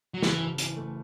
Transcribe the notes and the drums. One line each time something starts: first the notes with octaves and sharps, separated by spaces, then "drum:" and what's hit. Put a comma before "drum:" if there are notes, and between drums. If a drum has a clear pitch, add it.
F#3
F#1 E3, drum: snare
F#1
E3, drum: hi-hat
A3